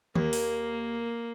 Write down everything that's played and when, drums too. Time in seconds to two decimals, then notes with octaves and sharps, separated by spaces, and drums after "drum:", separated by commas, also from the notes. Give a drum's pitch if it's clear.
0.16 D#2 A#3, drum: tom
0.33 drum: open hi-hat